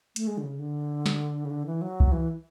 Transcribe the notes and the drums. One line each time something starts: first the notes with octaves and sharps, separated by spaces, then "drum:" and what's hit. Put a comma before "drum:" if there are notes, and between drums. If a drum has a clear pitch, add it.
A3, drum: hi-hat
G#3
D3
C#3
D3
drum: snare
C#3
D3
E3
F#3
drum: kick
E3